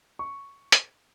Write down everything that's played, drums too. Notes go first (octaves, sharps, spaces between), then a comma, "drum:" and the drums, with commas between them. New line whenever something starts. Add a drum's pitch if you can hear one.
C#6
drum: hi-hat